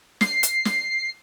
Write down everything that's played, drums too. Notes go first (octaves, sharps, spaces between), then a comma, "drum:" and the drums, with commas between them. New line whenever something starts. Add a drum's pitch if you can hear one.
C7, drum: snare
drum: hi-hat
drum: snare